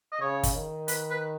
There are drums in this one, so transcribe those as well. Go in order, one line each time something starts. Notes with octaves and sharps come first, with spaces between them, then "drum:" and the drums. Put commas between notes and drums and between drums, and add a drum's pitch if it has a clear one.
D#5
C#3 C#5
drum: kick, hi-hat
D#3
B4, drum: hi-hat
B4